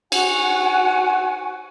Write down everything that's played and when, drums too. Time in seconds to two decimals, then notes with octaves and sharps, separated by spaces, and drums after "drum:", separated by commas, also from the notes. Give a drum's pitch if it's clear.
0.12 F#4 F#5 G#5, drum: cymbal